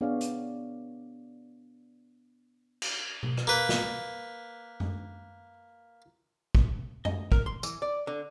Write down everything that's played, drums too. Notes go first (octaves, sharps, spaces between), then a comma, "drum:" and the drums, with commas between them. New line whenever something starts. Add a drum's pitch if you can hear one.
B3 D4 G#4 C#5 D5 F5
drum: hi-hat
drum: cymbal
drum: tom B2
drum: rim click
A#3 B4
drum: snare
drum: tom F#2
drum: kick
D#5, drum: tom F#2
A#4, drum: kick
C6
E3, drum: tambourine
D5
D3